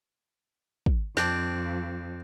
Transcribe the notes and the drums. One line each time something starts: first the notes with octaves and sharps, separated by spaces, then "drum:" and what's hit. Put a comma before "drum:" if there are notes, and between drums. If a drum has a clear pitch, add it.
drum: kick
F2 C4 D4, drum: snare